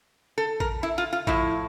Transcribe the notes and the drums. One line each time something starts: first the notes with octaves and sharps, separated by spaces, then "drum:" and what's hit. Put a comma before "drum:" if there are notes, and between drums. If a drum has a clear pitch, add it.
A4
A#4, drum: kick A#1
E4
F4
F4
A2 F3 E4, drum: kick A#1